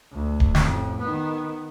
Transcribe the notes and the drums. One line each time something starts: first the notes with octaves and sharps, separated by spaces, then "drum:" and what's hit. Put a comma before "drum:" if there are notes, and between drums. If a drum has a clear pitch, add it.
D2
drum: kick D1
A1 F2, drum: snare
D#3 B3